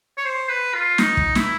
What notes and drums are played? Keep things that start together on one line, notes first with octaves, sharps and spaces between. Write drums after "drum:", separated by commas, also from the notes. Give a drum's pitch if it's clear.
C#5
C5
B4
F4
D#4, drum: snare
drum: kick
E4, drum: snare